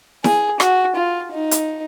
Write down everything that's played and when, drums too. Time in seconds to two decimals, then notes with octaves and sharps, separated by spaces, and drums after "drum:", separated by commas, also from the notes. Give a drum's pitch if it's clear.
0.24 G#4, drum: snare E4
0.60 F#4, drum: rim click
0.95 F4
1.32 D#4
1.51 drum: hi-hat